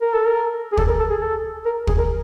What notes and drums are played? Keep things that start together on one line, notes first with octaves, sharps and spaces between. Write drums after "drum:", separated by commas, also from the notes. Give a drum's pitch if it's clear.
A#4
A4
A#4
G#4
A4, drum: kick
A#4
A4
G#4
A4
A#4
G#4, drum: kick
A#4